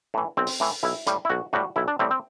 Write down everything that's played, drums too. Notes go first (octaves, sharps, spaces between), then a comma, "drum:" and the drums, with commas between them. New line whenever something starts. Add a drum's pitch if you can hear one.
A2 E3
B1 C4
drum: open hi-hat
A2 E3
B1 E4
A2 G3, drum: hi-hat
E4
B1 F#4
A2 G3 F#4
B1 E4
D4
A2 G3 C4
C4